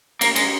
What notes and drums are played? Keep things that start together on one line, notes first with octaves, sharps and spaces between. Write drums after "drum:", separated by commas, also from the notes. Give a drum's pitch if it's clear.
A#3, drum: cymbal
G#3, drum: cymbal